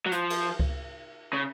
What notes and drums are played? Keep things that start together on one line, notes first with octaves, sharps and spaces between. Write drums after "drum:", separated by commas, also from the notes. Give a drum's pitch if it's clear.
F#3
F3, drum: hi-hat
drum: cymbal
drum: kick C#2
C#3